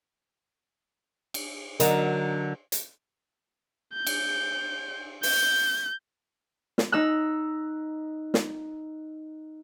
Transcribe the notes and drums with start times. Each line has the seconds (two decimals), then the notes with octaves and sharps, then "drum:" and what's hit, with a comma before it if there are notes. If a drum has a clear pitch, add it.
1.34 drum: cymbal
1.80 D3 F#3 D#4 A#4, drum: hi-hat
2.72 drum: hi-hat
3.93 G6
4.07 drum: cymbal
5.23 G6, drum: open hi-hat
6.78 drum: snare
6.92 D#4 E6 F#6
8.34 drum: snare